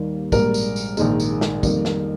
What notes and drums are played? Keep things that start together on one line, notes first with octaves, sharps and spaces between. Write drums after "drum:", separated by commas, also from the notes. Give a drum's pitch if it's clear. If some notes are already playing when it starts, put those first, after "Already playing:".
Already playing: D#2 D#3 G3 A#3
A#1 G#2 G3 A#4, drum: kick, tambourine
drum: tambourine
drum: tambourine
A#1 G#2 D#3 G#3, drum: tambourine
drum: tambourine
drum: snare
F2 D#3 G3 A#3, drum: kick, tambourine
drum: snare